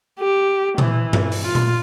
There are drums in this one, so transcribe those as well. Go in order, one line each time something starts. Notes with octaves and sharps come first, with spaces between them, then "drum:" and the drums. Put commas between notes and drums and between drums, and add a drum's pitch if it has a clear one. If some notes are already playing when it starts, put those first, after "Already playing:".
G4
E3, drum: tom A#2
drum: tom G2
drum: open hi-hat
F4
drum: tom A#2